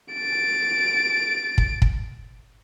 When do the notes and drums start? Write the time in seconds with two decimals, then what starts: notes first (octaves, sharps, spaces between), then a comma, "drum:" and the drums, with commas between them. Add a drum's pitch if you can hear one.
0.14 A6 D7
1.58 drum: kick
1.82 drum: kick